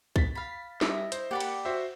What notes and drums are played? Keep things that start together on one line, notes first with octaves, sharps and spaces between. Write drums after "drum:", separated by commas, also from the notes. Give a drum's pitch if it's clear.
A6 B6, drum: kick
F5 B5
G3 E4 D#5 E5, drum: snare
C5, drum: hi-hat
A#3 G4 D5 F#5 B5
drum: cymbal
F#4 C5 E5